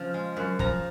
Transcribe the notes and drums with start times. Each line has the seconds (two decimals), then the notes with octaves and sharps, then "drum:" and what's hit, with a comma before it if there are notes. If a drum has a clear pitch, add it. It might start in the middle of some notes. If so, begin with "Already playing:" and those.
Already playing: C#3 F3
0.14 G#3
0.37 F#2
0.59 F3 A#5, drum: kick